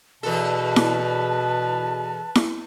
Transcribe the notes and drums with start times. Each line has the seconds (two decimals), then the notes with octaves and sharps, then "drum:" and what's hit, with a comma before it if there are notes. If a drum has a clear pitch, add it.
0.23 E2 B2 A4 B4 A5
0.76 drum: snare E4
2.35 drum: snare E4